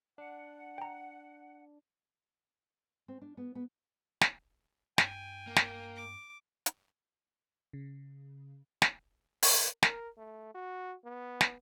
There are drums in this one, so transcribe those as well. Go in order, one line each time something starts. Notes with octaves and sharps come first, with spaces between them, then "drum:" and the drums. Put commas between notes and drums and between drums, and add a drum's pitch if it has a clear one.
D4 F#5
G5 A#5
C4
D4
B3
B3
drum: snare
G2 G5 G#5, drum: snare
A#3
drum: snare
D6
drum: hi-hat
C#3
drum: snare
A#4, drum: open hi-hat
A#4, drum: snare
A3
F#4
B3
drum: snare